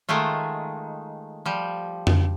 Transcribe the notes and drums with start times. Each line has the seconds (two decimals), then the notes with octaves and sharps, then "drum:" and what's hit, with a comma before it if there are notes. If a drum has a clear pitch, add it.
0.09 D#3 G#3 A3 F4
1.46 F3 G3
2.07 drum: tom F2